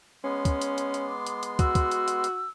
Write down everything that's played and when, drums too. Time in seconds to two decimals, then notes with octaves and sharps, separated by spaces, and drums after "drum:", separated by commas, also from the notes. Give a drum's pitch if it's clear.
0.24 G#3 B3 C#4 C6
0.45 drum: kick, hi-hat
0.62 drum: hi-hat
0.78 drum: hi-hat
0.94 drum: hi-hat
1.06 D6
1.26 drum: hi-hat
1.43 drum: hi-hat
1.59 F#4 E6, drum: kick, hi-hat
1.75 drum: kick, hi-hat
1.91 drum: hi-hat
2.08 drum: hi-hat
2.24 drum: hi-hat